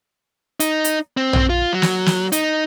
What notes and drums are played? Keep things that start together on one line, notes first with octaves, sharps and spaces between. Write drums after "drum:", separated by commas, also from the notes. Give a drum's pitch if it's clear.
D#4, drum: hi-hat
drum: hi-hat
C4
drum: tom A#1
F4
F#3
drum: snare
drum: snare
D#4, drum: hi-hat